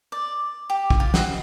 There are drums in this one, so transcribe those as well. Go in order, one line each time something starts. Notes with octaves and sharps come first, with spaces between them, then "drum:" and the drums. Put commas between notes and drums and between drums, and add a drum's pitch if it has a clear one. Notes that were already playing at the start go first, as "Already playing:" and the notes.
D5
G4
drum: kick
F4
F#4, drum: snare